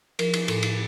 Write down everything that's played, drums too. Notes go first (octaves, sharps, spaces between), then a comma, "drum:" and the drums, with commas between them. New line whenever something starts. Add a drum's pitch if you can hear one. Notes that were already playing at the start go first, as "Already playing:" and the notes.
F3 A#4, drum: cymbal
drum: cymbal
A2 A4, drum: cymbal
drum: cymbal